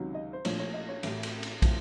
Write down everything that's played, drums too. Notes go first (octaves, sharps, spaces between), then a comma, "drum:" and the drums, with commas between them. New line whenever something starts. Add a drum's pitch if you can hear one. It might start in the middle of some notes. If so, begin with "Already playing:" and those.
Already playing: C#2 C3 D#3 F#3
D#5
C5
A#1 A#2 F3 A3 C#5, drum: cymbal
C#5
D#5
C#5
A1 A2 A3, drum: cymbal
drum: cymbal
drum: cymbal
A2 F3, drum: kick, cymbal